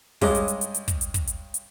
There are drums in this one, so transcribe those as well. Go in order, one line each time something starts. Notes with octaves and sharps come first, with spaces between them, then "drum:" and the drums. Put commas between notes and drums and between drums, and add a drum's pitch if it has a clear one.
G2 G#3 C#4 D#5 D6, drum: kick, open hi-hat
drum: hi-hat
drum: hi-hat
drum: hi-hat
drum: hi-hat
drum: kick, hi-hat
drum: hi-hat
drum: kick, hi-hat
drum: hi-hat
drum: hi-hat